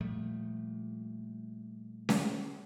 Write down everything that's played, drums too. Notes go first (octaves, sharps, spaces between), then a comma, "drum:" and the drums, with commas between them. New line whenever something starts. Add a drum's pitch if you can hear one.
A#2 F3 G3 A3
drum: snare C#4